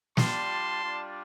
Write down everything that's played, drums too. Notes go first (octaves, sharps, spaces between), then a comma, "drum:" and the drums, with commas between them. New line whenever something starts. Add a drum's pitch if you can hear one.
G3 D4 F4 A5 C6, drum: snare
G3 D4 F4